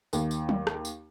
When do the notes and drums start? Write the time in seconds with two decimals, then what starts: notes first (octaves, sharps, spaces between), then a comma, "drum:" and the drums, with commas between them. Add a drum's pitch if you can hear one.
0.13 D#2, drum: tambourine
0.31 drum: tambourine
0.49 drum: tom F3
0.67 drum: rim click
0.85 drum: tambourine